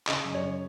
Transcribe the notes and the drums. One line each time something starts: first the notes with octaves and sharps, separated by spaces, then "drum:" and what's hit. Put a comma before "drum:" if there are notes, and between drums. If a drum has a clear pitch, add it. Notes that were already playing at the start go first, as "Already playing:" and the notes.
C#3 D#5, drum: clap
F#2
C#5
C#3